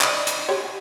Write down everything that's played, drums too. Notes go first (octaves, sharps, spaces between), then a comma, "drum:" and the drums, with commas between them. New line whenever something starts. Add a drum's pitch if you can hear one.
D5 D#5 G5, drum: clap
drum: hi-hat
F#4 G4 C#5 G#5